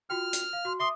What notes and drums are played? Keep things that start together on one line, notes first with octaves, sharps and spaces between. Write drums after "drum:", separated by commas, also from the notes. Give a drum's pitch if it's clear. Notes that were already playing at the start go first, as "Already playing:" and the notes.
F4 F#4 G5 F6
drum: hi-hat
F5
F#4 C6
E5 C6 D6 D#6